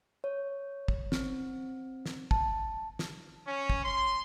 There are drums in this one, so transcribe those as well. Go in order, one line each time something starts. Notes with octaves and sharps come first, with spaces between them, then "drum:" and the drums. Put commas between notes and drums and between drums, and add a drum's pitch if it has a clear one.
C#5
drum: kick
C4, drum: snare
drum: snare
A5, drum: kick
drum: snare
C#4
drum: kick
C6